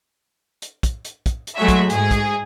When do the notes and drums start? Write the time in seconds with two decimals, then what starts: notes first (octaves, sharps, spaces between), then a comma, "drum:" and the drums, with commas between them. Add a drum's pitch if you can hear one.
0.62 drum: hi-hat
0.83 drum: kick, hi-hat
1.05 drum: hi-hat
1.26 drum: kick, hi-hat
1.47 drum: hi-hat
1.57 F#3 G#3 A3 F#4 G#4 E5
1.68 drum: kick, hi-hat
1.90 G#2 G#4, drum: hi-hat
2.11 drum: kick, hi-hat